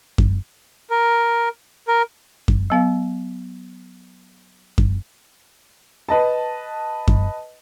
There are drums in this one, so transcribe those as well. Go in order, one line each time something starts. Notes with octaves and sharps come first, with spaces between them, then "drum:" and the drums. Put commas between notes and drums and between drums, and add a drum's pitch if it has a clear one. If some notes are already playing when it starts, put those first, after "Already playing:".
drum: kick F#2
A#4
A#4
drum: kick F#2
F#3 B3 F5
drum: kick F#2
B4 D#5 A5
drum: kick F#2